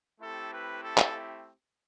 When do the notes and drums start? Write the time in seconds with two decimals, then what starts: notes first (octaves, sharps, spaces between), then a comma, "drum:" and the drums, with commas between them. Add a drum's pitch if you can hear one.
0.20 A3 C4 E4 G4 A4
0.52 B4
0.83 A4
0.98 drum: clap